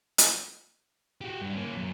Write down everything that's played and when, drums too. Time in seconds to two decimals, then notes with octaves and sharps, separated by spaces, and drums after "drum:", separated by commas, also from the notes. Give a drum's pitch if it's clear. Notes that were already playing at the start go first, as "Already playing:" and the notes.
0.18 drum: hi-hat
1.21 F#4 G4
1.41 G2
1.53 A#3 C#4
1.77 F#2